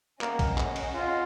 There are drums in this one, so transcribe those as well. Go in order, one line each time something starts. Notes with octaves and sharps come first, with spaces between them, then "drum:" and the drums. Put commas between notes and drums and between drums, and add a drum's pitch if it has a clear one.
A#3 C#4 G#4 D#5 F#5, drum: clap
drum: kick A#1, cymbal
drum: clap
drum: cymbal
F4